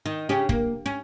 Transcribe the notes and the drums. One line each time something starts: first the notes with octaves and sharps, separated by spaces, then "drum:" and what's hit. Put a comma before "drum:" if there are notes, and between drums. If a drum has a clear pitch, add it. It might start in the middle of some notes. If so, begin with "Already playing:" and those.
D#3
C#3 C#4 G4
A#3, drum: kick
C#4